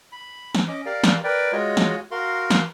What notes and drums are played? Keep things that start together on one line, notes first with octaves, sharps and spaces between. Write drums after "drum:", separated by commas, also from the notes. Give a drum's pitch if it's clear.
B5
drum: snare
C#4 D#5 D6
G4 A#4 D5 F5
drum: snare
A#4 B4 D5 G5
G#3 F4 F#4 C#5 D#5
drum: snare
F#4 A#4 F5 C6
drum: snare